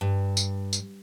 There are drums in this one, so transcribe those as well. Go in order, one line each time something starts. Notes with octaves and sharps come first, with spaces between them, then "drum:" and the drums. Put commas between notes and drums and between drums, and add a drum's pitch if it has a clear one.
G2
drum: tambourine
drum: tambourine